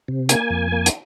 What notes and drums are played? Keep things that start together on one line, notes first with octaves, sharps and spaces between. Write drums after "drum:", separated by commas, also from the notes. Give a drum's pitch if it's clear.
C3
A#3 G#5, drum: hi-hat
F2
A#3
drum: hi-hat